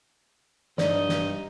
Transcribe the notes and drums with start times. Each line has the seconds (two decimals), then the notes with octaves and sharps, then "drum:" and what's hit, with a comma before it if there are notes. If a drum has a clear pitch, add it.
0.78 G2 D#4 D5 D#5, drum: snare
1.09 drum: snare